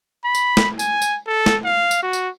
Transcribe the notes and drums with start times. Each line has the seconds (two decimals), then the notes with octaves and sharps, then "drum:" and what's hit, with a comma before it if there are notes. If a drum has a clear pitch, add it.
0.25 B5
0.35 drum: tambourine
0.57 drum: snare
0.79 G#5, drum: tambourine
1.02 drum: tambourine
1.27 A4
1.46 drum: snare
1.65 F5
1.91 drum: tambourine
2.03 F#4
2.13 drum: tambourine